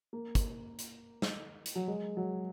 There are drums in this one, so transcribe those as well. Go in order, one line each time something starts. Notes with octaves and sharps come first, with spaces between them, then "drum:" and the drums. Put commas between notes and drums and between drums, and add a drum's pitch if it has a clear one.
A#3
drum: kick, hi-hat
drum: hi-hat
drum: snare
drum: hi-hat
F#3
G#3
F#3